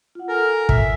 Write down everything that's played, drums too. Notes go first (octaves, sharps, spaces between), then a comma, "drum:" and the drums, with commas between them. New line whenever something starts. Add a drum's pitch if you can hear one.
F4 F#5
A4 A#4 G#5
E5, drum: kick